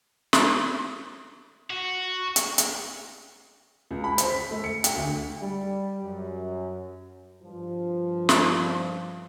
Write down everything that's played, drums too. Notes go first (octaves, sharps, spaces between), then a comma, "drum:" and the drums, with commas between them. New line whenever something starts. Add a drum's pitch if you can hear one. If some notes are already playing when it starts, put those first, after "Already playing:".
drum: snare
F#4
drum: hi-hat
drum: hi-hat
C#2
B5
C5, drum: hi-hat
B6
A3
C#7
G5, drum: hi-hat
D2
G3
F#2
G2 F3
drum: snare